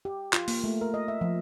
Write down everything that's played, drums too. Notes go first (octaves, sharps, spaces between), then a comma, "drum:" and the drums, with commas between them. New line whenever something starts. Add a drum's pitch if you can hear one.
G4
F4, drum: clap
A#3, drum: open hi-hat
A3
A#4
D#5
E5
F3